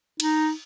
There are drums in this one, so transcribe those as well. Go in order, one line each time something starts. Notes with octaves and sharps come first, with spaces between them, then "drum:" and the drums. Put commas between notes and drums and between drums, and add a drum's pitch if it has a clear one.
D#4, drum: cymbal